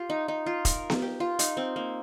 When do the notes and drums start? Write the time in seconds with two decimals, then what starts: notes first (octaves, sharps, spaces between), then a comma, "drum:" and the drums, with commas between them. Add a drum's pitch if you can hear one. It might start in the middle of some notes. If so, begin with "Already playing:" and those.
Already playing: F4 G4
0.10 D#4
0.28 D#4
0.46 F4
0.65 A#4, drum: kick E1, hi-hat
0.90 drum: snare B3
1.02 G4
1.20 F4
1.39 D#4, drum: hi-hat
1.57 C4
1.76 A#3